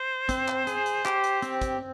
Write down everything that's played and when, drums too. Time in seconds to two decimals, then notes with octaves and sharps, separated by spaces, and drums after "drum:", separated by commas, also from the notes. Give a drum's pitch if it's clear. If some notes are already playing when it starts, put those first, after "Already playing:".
Already playing: C5
0.29 C4, drum: kick, hi-hat
0.48 drum: clap
0.67 G#4, drum: hi-hat
0.86 drum: hi-hat
1.05 G4, drum: clap
1.24 drum: hi-hat
1.42 C4, drum: hi-hat
1.62 drum: kick, hi-hat